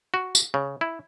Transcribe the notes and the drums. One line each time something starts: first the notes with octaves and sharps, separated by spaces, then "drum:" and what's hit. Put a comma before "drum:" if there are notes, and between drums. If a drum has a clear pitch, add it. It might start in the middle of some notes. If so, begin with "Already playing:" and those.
F#4
drum: tambourine
C#3
E4